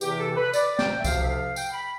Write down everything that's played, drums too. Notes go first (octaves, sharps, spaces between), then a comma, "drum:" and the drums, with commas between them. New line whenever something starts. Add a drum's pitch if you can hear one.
E2 C3 E3 G4, drum: tambourine
A4
B4
D5, drum: tambourine
G5, drum: snare
E5
D2 C3 F3 F5, drum: kick C2, tambourine
E5
F5
G5, drum: tambourine
B5